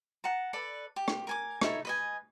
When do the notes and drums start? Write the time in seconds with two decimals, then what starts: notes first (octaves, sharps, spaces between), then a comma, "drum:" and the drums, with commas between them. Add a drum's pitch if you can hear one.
0.24 F#5 A5 A#5
0.53 A4 B4 D5
0.96 G4
1.08 drum: rim click
1.27 A#4 G#5 D6
1.61 D#4 E4 A4 C#5, drum: rim click
1.85 B4 D#5 G#5